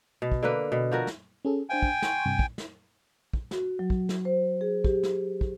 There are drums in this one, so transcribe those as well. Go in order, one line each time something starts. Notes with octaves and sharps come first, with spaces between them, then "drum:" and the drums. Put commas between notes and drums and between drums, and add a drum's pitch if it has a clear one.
B2
drum: kick
D3 A#3 B4
B2
F3 F#4 A#4
drum: snare
C#4 G#4 A4
D4 C5 F5 G5 G#5
drum: kick
F#5 C6 C#6, drum: snare
G2 C3
drum: kick
drum: snare
drum: kick
F#4, drum: snare
F#3
drum: kick
drum: snare
C5
G#4
G4, drum: kick
drum: snare
drum: kick